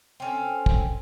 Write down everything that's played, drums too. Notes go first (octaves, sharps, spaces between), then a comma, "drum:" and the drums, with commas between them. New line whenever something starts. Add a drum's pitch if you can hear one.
C4 C#4 A4
drum: kick